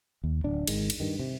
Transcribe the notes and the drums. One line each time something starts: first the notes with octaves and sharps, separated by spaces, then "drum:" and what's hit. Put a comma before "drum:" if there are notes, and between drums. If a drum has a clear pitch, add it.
D#2
D1 D4
G#1 D#3 G#3, drum: cymbal
drum: cymbal
G2 D#3
C3